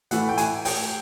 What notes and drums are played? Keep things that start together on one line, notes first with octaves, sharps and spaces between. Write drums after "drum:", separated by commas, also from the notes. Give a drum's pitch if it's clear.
A2 E3 A3 F#5, drum: hi-hat
G5
G#5, drum: hi-hat
G5, drum: open hi-hat